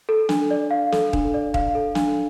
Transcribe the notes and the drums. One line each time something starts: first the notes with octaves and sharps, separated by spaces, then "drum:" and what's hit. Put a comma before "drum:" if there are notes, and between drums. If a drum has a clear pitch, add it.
A4
D4, drum: snare
D5
F5
A4, drum: snare
D4, drum: kick D#1
D5
F5, drum: kick D#1
A4
D4, drum: snare